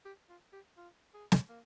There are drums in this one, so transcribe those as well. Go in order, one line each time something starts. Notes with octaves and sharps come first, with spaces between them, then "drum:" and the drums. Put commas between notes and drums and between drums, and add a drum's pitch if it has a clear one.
G4
F4
G4
F4
G#4
drum: snare
A#3